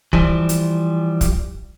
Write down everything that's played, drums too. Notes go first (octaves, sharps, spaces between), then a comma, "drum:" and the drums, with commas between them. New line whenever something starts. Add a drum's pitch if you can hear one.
E3 F3 G3, drum: kick
drum: hi-hat
drum: kick, hi-hat